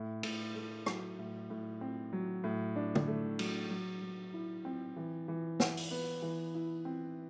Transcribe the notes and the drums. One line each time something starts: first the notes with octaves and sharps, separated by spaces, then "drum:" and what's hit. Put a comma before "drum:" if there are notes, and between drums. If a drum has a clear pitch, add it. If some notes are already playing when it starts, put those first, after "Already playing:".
Already playing: A2
A2, drum: cymbal
A3
F#3, drum: rim click
A2
A2
C4
F#3
A2
D4
drum: tom
A3
F#3, drum: cymbal
F#3
F#3
E4
C4
E3
E3
E4, drum: snare
drum: open hi-hat
B3
E3
E4
C4